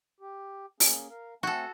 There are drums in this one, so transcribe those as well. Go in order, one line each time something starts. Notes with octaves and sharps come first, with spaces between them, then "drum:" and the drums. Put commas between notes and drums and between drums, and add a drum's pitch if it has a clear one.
G4
A#3 C#4 G#4, drum: open hi-hat
A#4 F5
A3 C4 F#4 A4 G#5